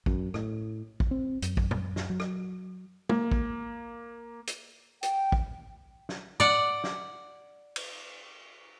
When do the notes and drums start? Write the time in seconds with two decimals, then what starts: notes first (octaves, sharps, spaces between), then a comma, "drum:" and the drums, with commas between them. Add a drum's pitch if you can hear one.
0.06 F#2, drum: kick
0.34 A2, drum: rim click
1.00 drum: kick
1.11 C4
1.42 F#2, drum: hi-hat
1.57 drum: kick
1.71 drum: tom
1.96 drum: snare
2.10 F#3
2.20 drum: rim click
3.09 A#3, drum: tom
3.32 drum: kick
4.47 drum: hi-hat
5.03 G5, drum: hi-hat
5.32 drum: kick
6.09 drum: snare
6.40 D5 F#5, drum: tom G#2
6.84 drum: snare
7.76 drum: cymbal